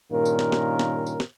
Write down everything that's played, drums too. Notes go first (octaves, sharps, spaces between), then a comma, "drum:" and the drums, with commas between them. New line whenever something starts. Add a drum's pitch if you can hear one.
G2 A#2 D#3 A#3 C#4 A#4
drum: tambourine
drum: snare
drum: snare
drum: snare
drum: tambourine
drum: snare